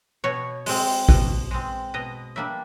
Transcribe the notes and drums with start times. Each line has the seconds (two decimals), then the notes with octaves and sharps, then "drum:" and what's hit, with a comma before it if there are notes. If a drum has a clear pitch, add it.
0.24 B2 C#5
0.66 G#3 C4, drum: open hi-hat
1.09 B2, drum: kick A1
1.51 G#3 C4
1.94 B2 D#5
2.36 G3 A#3 D4 E5